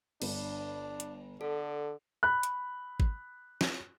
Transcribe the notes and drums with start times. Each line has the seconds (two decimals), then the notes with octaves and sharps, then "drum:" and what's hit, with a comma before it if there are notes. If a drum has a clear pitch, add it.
0.22 G1 D4, drum: cymbal
1.00 drum: hi-hat
1.41 D3 A4
2.23 B5 F#6
2.43 drum: hi-hat
3.00 drum: kick G#1
3.61 drum: snare